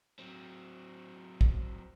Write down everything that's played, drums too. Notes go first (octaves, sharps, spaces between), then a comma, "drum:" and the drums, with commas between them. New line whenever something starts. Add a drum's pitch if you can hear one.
F#3 C4
drum: kick